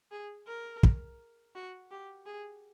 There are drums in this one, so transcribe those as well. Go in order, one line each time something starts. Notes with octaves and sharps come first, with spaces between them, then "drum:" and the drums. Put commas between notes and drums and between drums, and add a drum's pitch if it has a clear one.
G#4
A#4
drum: kick
F#4
G4
G#4